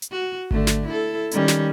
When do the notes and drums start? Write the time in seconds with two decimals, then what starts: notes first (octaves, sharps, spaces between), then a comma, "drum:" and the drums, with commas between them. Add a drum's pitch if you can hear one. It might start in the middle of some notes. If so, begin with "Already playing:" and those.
0.02 drum: hi-hat
0.11 F#4
0.51 D3 A3, drum: kick G#1
0.67 drum: snare
0.86 E4 A4
1.31 D#3 G3 C#4, drum: hi-hat
1.48 drum: snare